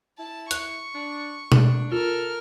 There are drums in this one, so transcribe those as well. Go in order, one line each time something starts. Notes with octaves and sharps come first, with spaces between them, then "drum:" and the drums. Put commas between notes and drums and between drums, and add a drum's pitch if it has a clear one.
E4 A5
C#6 F#6, drum: hi-hat
D4
D4, drum: tom B2
F4 A4 A#4 F6